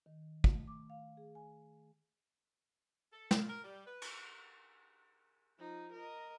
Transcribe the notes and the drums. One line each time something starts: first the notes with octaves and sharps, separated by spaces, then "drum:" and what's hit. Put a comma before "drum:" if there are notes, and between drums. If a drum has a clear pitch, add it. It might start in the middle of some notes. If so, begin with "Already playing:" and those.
D#3
A3, drum: kick
D6
F5
G#4
G#5
A4
A#2, drum: snare
A#4
G3
B4
drum: cymbal
F3 D#4
A#4 D#5